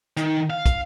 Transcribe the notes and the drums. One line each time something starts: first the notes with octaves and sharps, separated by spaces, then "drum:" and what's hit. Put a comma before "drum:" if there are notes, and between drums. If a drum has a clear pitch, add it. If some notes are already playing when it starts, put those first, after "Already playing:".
D#3, drum: hi-hat
F5
drum: kick, hi-hat